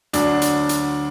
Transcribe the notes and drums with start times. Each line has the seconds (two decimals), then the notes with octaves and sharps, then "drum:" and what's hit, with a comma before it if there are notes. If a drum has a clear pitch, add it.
0.13 D2 D3 F#3 D4, drum: hi-hat
0.42 drum: hi-hat
0.69 drum: hi-hat